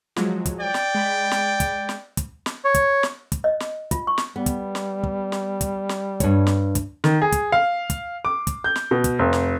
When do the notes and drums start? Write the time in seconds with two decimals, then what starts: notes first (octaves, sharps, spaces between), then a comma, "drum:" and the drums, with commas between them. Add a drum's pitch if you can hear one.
0.16 F3 F#3 G#3, drum: snare
0.46 drum: kick, hi-hat
0.60 D5 G5
0.74 drum: snare
0.95 G#3 B5
1.31 drum: snare
1.60 drum: kick, hi-hat
1.89 drum: snare
2.17 drum: kick, hi-hat
2.46 drum: snare
2.64 C#5
2.75 drum: kick, hi-hat
3.03 drum: snare
3.32 drum: kick, hi-hat
3.44 D#5
3.60 drum: snare
3.91 F4, drum: kick, hi-hat
4.07 C#6
4.18 drum: snare
4.36 G3 B3
4.46 drum: kick, hi-hat
4.75 drum: snare
5.03 drum: kick
5.32 drum: snare
5.61 drum: kick, hi-hat
5.89 drum: snare
6.20 G2 C#5, drum: kick, hi-hat
6.47 drum: snare
6.75 drum: kick, hi-hat
7.04 D#3, drum: snare
7.22 G#4
7.32 drum: kick, hi-hat
7.52 F5
7.90 drum: kick, hi-hat
8.25 D6
8.47 drum: kick, hi-hat
8.64 G6
8.76 drum: snare
8.91 B2
9.04 drum: kick, hi-hat
9.19 F1
9.33 drum: snare